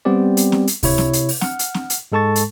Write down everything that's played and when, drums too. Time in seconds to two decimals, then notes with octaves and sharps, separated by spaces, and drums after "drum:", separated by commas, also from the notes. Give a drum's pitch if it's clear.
0.05 G3 B3 C4 G4 D5
0.37 drum: hi-hat
0.52 drum: snare C4
0.67 drum: hi-hat
0.83 C3 E4 C#5, drum: kick C#2, open hi-hat
0.98 drum: snare C4
1.13 drum: hi-hat
1.29 drum: open hi-hat
1.41 F#5 F6, drum: snare C4
1.59 drum: hi-hat
1.74 drum: snare C4
1.90 drum: hi-hat
2.12 G#2 G#3 A4 A5 C#6 A6
2.36 drum: hi-hat